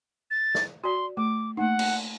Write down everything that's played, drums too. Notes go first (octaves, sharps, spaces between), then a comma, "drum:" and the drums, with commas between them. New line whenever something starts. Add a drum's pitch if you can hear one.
A6
drum: snare
F#4 D5 C6
A3 D6
A3 A#3 D#4 F#5
drum: cymbal